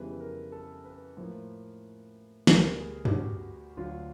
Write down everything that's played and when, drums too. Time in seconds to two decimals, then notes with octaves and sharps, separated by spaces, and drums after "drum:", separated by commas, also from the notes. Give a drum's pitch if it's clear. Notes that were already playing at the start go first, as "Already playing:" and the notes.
Already playing: F2 C#3 E3 G3 B3 B4
0.20 A#4
0.52 A4
0.85 B4
1.17 A2 F3 A#3
2.47 D2 D3 G3 B3 A#4, drum: snare
2.80 G#4
3.05 G4, drum: tom F#2
3.12 F#4
3.77 D2 D3 F#3 F4